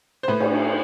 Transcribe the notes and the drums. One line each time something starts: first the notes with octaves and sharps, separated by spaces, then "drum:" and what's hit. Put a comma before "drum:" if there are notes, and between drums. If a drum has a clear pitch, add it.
C5
A2 B4
drum: cymbal